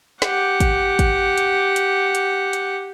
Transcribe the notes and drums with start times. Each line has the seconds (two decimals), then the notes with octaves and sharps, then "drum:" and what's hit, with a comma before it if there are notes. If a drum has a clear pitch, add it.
0.22 G4 F#5, drum: snare
0.60 drum: kick, hi-hat
0.99 drum: kick, hi-hat
1.38 drum: hi-hat
1.76 drum: hi-hat
2.15 drum: hi-hat
2.53 drum: hi-hat